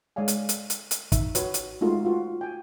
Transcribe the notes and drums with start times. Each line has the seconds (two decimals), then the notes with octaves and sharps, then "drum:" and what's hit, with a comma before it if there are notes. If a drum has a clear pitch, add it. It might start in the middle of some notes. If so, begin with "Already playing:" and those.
0.16 G#3 C#5 D5 F5 G#5
0.28 drum: hi-hat
0.49 drum: hi-hat
0.70 drum: hi-hat
0.91 drum: hi-hat
1.12 D#4 E5, drum: kick, hi-hat
1.35 F#4 B4 C#5, drum: hi-hat
1.54 drum: hi-hat
1.81 G#3 A3 D#4 F4 F#4 A4
2.05 F4 F#4 B4
2.41 G5 G#5